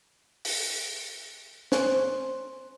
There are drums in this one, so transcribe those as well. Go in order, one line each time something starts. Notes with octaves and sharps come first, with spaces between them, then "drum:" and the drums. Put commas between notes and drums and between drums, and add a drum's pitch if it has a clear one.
drum: open hi-hat
C5, drum: snare